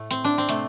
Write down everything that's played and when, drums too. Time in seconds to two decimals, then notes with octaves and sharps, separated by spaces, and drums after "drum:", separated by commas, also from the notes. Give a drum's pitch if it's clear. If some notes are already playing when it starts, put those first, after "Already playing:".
Already playing: A2 A3
0.11 C4, drum: hi-hat
0.24 D4
0.38 C4
0.49 C3 A3, drum: hi-hat